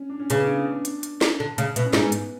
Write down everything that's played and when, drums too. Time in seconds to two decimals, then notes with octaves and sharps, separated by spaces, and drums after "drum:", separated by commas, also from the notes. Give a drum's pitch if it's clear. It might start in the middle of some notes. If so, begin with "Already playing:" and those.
Already playing: C#4
0.10 D4
0.20 C#4
0.30 C#3 B3, drum: hi-hat
0.40 D4
0.44 C#4
0.57 C#4
0.71 D4
0.85 drum: hi-hat
1.03 drum: hi-hat
1.21 drum: snare
1.40 D3
1.58 C#3, drum: hi-hat
1.76 B2, drum: hi-hat
1.84 C#4
1.93 G#2 B3, drum: snare
2.12 drum: hi-hat